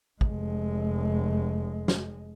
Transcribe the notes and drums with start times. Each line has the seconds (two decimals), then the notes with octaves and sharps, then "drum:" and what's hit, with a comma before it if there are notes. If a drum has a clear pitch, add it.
0.21 F1 G#3, drum: kick
1.88 drum: snare